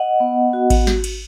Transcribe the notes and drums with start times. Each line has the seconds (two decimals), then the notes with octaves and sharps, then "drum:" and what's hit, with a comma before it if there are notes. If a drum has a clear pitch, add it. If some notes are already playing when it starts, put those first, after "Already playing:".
Already playing: D#5 F#5
0.20 B3
0.53 F#4
0.70 drum: kick G#1, cymbal
0.87 drum: snare
1.04 drum: cymbal